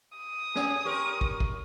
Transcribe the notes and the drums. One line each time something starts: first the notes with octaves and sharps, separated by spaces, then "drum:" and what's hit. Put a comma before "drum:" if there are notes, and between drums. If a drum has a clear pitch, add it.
D#6
C#4 G#4, drum: snare
G4 A#4 C#6
drum: kick
drum: kick